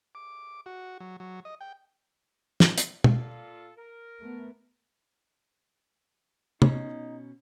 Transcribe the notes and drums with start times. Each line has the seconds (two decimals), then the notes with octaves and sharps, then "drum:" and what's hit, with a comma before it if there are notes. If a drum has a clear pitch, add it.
0.15 D6
0.66 F#4
1.00 F#3
1.20 F#3
1.45 D#5
1.61 G5
2.60 drum: snare
2.78 drum: hi-hat
3.04 A#2 F4 A4, drum: tom
3.78 A#4
4.20 A3 B3
6.62 B2 C#4 D#4, drum: tom